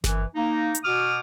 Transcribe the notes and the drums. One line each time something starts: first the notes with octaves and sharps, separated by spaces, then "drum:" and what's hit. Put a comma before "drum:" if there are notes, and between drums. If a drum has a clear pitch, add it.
F#2 E3, drum: snare G1
A#3 D#4
drum: hi-hat
B2 F#4 D6 D#6 F6